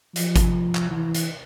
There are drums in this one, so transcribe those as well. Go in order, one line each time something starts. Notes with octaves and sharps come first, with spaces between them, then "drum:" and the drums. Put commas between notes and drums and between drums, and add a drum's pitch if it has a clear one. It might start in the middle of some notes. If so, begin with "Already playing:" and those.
F3, drum: hi-hat
drum: kick G#1, hi-hat
drum: clap
E3
drum: hi-hat